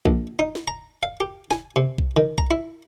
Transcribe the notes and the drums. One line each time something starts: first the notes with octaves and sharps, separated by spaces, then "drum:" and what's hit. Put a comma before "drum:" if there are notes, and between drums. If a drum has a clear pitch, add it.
A#1, drum: kick B1
D#4
drum: snare
A#5
F5
G4
G#5, drum: snare
C3
drum: kick B1
D#3
A#5, drum: kick B1
E4